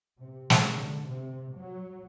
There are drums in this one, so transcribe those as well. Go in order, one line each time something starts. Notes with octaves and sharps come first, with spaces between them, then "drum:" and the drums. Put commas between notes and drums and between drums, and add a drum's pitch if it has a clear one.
C3
drum: snare
D3
C3
F#3